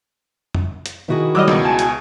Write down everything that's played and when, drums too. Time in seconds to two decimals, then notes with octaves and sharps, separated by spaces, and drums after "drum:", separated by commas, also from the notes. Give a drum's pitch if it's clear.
0.54 drum: tom
0.86 drum: hi-hat
1.08 D#3 E4 F#4 G#4
1.35 F#3 G3 D#5 D6 E6 F6
1.48 C#2 B2, drum: snare
1.65 G#5 A5
1.79 drum: hi-hat